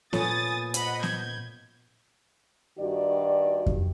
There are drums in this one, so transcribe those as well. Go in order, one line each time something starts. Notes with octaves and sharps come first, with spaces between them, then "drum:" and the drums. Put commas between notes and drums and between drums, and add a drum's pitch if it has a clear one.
A#2 B3 F4 A4 C#5 G#5 D#6 A6, drum: snare B3
C5 D#5 F#5 B5, drum: hi-hat
G6 G#6, drum: snare B3
G2 D#3 F#4 G4 D5
drum: kick F2